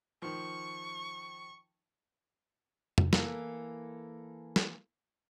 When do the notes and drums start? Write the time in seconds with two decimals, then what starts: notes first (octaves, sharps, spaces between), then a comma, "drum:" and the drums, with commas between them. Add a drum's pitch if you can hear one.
0.22 D#3 F3 C#6
2.98 drum: tom F2
3.13 E3 A#3 A4, drum: snare
4.56 drum: snare